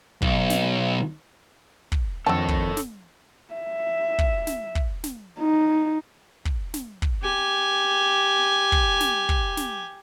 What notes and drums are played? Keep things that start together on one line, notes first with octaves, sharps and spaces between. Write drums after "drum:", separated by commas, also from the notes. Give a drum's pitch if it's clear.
B1, drum: kick
drum: snare
drum: kick
F2 D3 D#3 C4 A4 C#5 A5
drum: kick
drum: snare
E5
drum: kick
drum: snare
drum: kick
drum: snare
D#4
drum: kick
drum: snare
drum: kick
G4 G#5
drum: kick
drum: snare
drum: kick
drum: snare